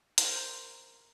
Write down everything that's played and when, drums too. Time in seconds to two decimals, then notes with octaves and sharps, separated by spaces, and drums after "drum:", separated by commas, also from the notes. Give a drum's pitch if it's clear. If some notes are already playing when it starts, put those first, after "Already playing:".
0.18 A#4 C5, drum: hi-hat